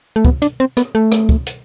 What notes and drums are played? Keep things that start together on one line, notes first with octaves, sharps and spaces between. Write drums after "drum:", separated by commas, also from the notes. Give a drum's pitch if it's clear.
A3
B3, drum: kick
D4, drum: hi-hat
C4
B3, drum: rim click
A3
drum: rim click
drum: kick
drum: hi-hat